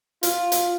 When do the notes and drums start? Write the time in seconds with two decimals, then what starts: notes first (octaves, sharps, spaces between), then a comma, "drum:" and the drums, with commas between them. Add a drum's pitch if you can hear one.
0.23 F4, drum: hi-hat
0.52 drum: hi-hat